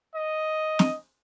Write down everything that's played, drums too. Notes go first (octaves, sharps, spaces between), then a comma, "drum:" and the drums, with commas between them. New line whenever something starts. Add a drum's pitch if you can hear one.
D#5
drum: snare